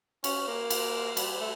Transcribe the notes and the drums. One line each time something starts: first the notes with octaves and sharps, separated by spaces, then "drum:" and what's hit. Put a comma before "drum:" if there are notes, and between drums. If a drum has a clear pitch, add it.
C#4, drum: cymbal
A#3
drum: cymbal
G3, drum: cymbal
A3